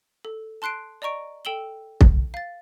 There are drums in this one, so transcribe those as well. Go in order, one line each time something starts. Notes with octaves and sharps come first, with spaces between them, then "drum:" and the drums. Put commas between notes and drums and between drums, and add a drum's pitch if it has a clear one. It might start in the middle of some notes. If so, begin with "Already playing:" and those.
A4
A5 C6 F#6 C7 D7
D5 D#5 A#5 C#6 D7
A4 G5 E6 E7 F#7 G7
drum: kick
F5 A6